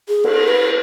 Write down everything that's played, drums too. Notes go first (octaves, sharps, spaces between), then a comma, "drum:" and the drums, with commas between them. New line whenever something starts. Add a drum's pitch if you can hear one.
G#4
A4, drum: cymbal
B4